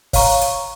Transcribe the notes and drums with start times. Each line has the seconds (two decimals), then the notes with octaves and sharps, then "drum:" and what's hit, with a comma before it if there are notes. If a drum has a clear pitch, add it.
0.13 C#5 F5 A#5 C#6, drum: kick, open hi-hat
0.41 drum: hi-hat